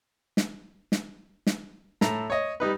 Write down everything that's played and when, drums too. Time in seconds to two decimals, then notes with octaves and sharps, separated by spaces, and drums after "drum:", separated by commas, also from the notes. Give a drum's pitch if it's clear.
0.37 drum: snare
0.92 drum: snare
1.47 drum: snare
2.01 A2 A4 A#5, drum: snare
2.30 C#5 D#5
2.60 G3 D#4 B4